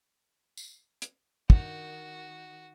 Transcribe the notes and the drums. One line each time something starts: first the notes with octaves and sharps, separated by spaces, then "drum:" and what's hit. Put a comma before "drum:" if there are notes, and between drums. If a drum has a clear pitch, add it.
drum: tambourine
drum: hi-hat
D#3 F#4 A#5, drum: kick